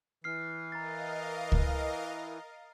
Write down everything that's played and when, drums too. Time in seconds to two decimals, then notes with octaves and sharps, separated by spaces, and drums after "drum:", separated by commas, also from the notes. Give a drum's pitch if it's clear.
0.24 E3 F6 C7
0.72 A#4 D#5 F5 A#5 A6
1.52 drum: kick C#2